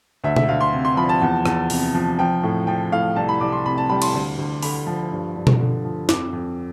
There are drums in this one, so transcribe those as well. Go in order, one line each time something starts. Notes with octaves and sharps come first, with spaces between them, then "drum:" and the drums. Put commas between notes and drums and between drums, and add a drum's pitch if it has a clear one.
D2 E5
E5, drum: tom B2
D2 F5
C6
C3
C6
F3 B5
A5
E2
E2, drum: rim click
C3, drum: open hi-hat
F3
F3 G5
A2
F3 G5
A2 F5
C2 A5
B5
C2 D6
C6
C3 B5
A5
G3 B5
C6, drum: cymbal
D2 C6
D2
D3 B5, drum: open hi-hat
F3
G2
G2
drum: tom B2
D3
F3
F2 D6, drum: snare
F2